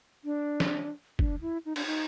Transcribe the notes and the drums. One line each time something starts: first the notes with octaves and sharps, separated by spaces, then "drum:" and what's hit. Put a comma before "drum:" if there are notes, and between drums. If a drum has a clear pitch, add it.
D4
drum: snare
D4, drum: kick
E4
D#4
D4, drum: cymbal
D#4